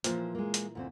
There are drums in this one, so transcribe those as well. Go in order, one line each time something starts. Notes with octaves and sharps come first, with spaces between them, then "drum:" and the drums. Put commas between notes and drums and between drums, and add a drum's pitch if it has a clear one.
A#2 E3 F3 C5, drum: hi-hat
G#3 A#3
drum: hi-hat
D2 A#2 C4